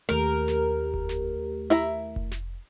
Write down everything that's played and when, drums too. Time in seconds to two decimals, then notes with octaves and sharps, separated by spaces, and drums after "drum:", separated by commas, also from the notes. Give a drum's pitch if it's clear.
0.09 D#2 A3 G4 A#4
0.48 drum: snare
0.94 drum: kick F1
1.09 drum: snare
1.70 E4 E5 A#5, drum: snare
2.16 drum: kick F1
2.31 drum: snare